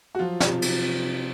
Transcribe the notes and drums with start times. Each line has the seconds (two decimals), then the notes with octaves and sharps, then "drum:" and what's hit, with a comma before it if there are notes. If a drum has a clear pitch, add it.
0.15 F#4
0.19 F3 F#3 F4
0.40 C3, drum: snare
0.62 C3, drum: cymbal
0.82 C3
1.03 C3